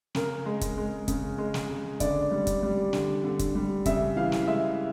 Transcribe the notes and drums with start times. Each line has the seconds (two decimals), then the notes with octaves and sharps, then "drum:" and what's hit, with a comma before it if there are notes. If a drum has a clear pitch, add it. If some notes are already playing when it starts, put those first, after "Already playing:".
0.15 C#3 A#4, drum: snare
0.46 G#3
0.61 drum: kick, hi-hat
0.77 G#3
1.08 C#3, drum: kick, hi-hat
1.38 G#3
1.54 drum: snare
1.70 C#3
2.00 D3 D5, drum: kick, hi-hat
2.31 G3
2.47 drum: kick, hi-hat
2.63 G3
2.93 D3, drum: snare
3.24 D3
3.39 drum: kick, hi-hat
3.55 G3
3.86 C#3 E5, drum: kick, hi-hat
4.17 E3 F5
4.32 drum: snare
4.47 G#3 E5